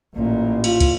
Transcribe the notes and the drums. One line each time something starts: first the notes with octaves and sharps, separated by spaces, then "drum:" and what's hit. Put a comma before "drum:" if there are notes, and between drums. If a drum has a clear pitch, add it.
A1 A#2
F4, drum: cymbal
drum: kick, cymbal